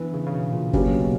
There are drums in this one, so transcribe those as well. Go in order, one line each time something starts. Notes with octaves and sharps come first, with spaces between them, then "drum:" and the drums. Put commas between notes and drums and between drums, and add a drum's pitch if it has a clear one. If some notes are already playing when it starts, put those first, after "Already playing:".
Already playing: E3 B3 D4
C#3
C#3
B2
A#2
A#2 C#3 F#3 C#4 G4 B4, drum: kick
B2